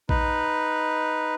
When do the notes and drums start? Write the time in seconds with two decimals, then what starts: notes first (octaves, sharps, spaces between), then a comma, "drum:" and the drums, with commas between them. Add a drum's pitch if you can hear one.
0.09 D#4 B4, drum: kick A#1